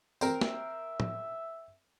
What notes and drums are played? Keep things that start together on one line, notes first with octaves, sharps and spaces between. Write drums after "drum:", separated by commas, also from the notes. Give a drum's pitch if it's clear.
C4 A#4, drum: tambourine
E5, drum: snare
drum: tom A2